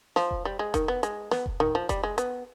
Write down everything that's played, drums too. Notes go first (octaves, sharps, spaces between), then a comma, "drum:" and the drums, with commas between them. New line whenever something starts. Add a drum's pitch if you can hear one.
F3, drum: snare
drum: kick F1
G3
G#3
D#3, drum: kick F1, hi-hat
B3
G#3, drum: hi-hat
B3, drum: snare
drum: kick F1
D#3, drum: tom A2
F3
G3, drum: kick F1, hi-hat
G#3
B3, drum: hi-hat